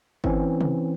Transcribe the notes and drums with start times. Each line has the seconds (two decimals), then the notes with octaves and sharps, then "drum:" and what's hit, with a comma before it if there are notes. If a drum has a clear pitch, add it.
0.24 E3 C4 C#4, drum: kick G1
0.61 drum: tom C3